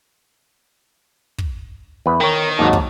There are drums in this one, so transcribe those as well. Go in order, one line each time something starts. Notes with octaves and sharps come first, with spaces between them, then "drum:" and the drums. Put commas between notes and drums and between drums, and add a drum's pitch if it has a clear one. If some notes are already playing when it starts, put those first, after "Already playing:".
drum: kick
E2 B4
D#3 A#4 C#5 G5
G#1 D#2 F#3 D#4 A5
drum: kick